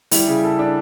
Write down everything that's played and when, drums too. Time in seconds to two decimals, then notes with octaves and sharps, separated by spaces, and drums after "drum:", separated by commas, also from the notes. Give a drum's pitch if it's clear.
0.11 G3 E4, drum: open hi-hat
0.27 C#3
0.44 A4
0.59 D4